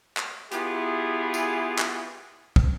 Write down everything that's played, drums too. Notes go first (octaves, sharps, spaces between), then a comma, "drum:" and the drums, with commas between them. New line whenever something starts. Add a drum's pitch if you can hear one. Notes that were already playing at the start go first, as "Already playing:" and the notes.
drum: clap
B3 E4 F4 G4 G#4, drum: hi-hat
drum: tambourine
drum: clap
drum: kick